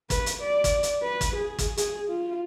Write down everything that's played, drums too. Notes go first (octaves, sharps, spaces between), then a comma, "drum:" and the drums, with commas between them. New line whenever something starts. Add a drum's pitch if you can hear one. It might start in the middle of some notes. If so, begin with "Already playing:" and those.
B4, drum: kick, hi-hat
drum: hi-hat
D5
drum: kick, hi-hat
drum: hi-hat
B4
drum: kick, hi-hat
G#4
drum: kick, hi-hat
G#4, drum: hi-hat
F4